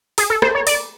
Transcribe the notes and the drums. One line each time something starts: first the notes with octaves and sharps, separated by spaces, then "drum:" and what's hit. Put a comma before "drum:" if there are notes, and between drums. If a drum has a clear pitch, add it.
G#4, drum: open hi-hat
A4
C5, drum: rim click
C#5
D5, drum: open hi-hat